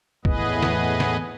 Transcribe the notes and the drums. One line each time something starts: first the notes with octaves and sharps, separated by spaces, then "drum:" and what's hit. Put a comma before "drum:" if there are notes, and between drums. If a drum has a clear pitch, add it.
E2 A2 B3 G#4 B4 D#5, drum: kick
drum: snare
drum: snare